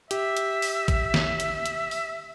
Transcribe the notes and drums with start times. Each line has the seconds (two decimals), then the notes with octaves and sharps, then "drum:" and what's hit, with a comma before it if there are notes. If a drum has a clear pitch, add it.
0.11 G4 E5, drum: hi-hat
0.37 drum: hi-hat
0.62 drum: open hi-hat
0.88 drum: kick, hi-hat
1.14 drum: snare
1.40 drum: hi-hat
1.66 drum: hi-hat
1.91 drum: open hi-hat